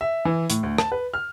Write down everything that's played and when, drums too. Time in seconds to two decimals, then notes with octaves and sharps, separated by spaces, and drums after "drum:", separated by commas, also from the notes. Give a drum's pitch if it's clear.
0.01 E5
0.25 E3
0.50 A2, drum: hi-hat
0.63 D2
0.78 A5, drum: rim click
0.92 B4
1.14 F6